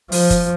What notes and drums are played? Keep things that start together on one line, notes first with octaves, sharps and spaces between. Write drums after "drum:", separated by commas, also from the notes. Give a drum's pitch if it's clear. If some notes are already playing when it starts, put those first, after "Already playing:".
F3, drum: open hi-hat
drum: kick, hi-hat